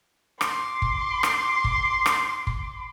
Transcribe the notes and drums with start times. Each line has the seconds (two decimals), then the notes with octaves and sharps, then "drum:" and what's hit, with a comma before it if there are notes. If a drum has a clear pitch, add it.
0.41 C6 D6, drum: rim click
0.82 drum: kick
1.23 drum: rim click
1.64 drum: kick
2.06 drum: rim click
2.47 drum: kick